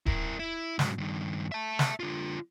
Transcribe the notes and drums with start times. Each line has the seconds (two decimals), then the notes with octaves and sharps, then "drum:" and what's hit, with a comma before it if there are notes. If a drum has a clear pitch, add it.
0.06 E4 A#4, drum: kick D1
0.39 E4
0.79 G#2 F#3, drum: snare
0.98 G2 D#3
1.52 E5 A5
1.79 drum: snare
2.00 D3 F4